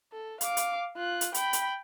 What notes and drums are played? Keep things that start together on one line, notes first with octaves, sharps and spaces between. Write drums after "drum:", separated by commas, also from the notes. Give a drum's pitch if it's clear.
A4
F5 D6, drum: hi-hat
drum: hi-hat
F4 F#6
drum: hi-hat
G5 B5, drum: hi-hat
drum: hi-hat